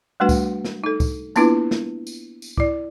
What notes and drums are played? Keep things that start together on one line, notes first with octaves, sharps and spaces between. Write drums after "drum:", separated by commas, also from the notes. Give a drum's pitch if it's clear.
G3 A3 D4 F#4 B4 F#5
drum: kick C#2, tambourine
drum: snare
D#4 A4
drum: kick C#2, tambourine
A#3 B3 D4 E4 F4 B4, drum: tambourine
drum: snare
drum: tambourine
drum: tambourine
E4 D5, drum: kick C#2